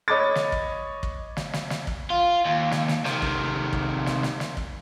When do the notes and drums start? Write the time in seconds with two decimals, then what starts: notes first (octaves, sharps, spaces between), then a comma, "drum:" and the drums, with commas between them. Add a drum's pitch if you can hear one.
0.08 C#5 D#5 B5 D6 A6
0.35 drum: snare
0.52 drum: kick
1.03 drum: kick
1.37 drum: snare
1.53 drum: snare
1.70 drum: snare
1.87 drum: kick
2.10 F4
2.45 D#2
2.71 drum: snare
2.88 drum: snare
3.05 C3 D#3, drum: snare
3.22 drum: kick
3.73 drum: kick
4.06 drum: snare
4.23 drum: snare
4.40 drum: snare
4.57 drum: kick